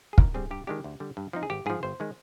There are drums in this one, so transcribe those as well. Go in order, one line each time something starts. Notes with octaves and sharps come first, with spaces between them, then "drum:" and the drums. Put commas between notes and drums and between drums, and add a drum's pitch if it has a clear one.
G#4
D#2 A#4, drum: kick
D3 G3 C4 G#4
G2 G4
D#3 G#3 D4 G4
D2
D3 G3
G2
F3 C4 D#4
G#4
G#1 G4
G#2 F3 G#4
G1 C5
D#3 G#3